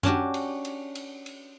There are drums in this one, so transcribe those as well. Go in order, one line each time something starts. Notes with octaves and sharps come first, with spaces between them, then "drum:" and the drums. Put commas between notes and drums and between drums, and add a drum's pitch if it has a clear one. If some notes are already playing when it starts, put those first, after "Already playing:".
C#4 D4 F#4 G4, drum: tom F#2
drum: cymbal
drum: cymbal
drum: cymbal
drum: cymbal